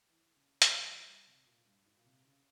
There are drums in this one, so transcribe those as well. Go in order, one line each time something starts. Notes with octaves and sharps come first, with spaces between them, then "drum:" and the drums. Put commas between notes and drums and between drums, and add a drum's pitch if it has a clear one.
E3
C#3
C#3, drum: hi-hat
G3
F3
G3
C3
A#2
G2
G#2
A#2
C3
C#3